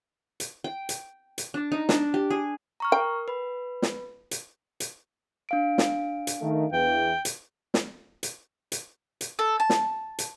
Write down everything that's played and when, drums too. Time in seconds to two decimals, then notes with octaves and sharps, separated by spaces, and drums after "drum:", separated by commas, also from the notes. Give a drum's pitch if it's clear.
0.40 drum: hi-hat
0.64 G5
0.89 drum: hi-hat
1.38 drum: hi-hat
1.54 D4
1.72 D#4
1.89 D4, drum: snare
2.14 G4
2.30 G#4
2.80 A#5 C#6 F6
2.92 A#4 G5
3.28 B4 B5
3.82 drum: snare
4.31 drum: hi-hat
4.80 drum: hi-hat
5.49 D4 F5 D7
5.78 drum: snare
6.27 drum: hi-hat
6.42 D#3 A3
6.72 E2 E3 G5
7.25 drum: hi-hat
7.74 drum: snare
8.23 drum: hi-hat
8.72 drum: hi-hat
9.21 drum: hi-hat
9.39 A4
9.60 A5
9.70 drum: snare
10.19 drum: hi-hat